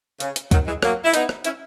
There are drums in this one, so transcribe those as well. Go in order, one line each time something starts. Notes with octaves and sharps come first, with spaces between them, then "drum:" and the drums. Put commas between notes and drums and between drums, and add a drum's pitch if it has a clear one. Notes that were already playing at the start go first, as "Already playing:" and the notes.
C#3, drum: hi-hat
drum: hi-hat
D#3 F#3, drum: kick D2, hi-hat
E3 G#3
F#3 A#3, drum: rim click
E4
B3 D#4, drum: hi-hat
drum: rim click
C#4 E4, drum: hi-hat